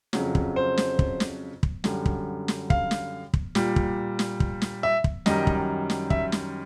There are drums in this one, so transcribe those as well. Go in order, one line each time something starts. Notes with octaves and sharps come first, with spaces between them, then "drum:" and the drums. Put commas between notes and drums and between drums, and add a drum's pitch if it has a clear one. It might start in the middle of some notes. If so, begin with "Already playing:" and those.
F2 C#3 F#3, drum: snare
drum: kick
C5
drum: snare
drum: kick
drum: snare
drum: kick
F#2 D3 G3, drum: snare
drum: kick
drum: snare
F5, drum: kick
drum: snare
drum: kick
A#2 G3, drum: snare
drum: kick
drum: snare
drum: kick
drum: snare
E5
drum: kick
F#2 D#3 G3 D#5, drum: snare
drum: kick
drum: snare
E5, drum: kick
drum: snare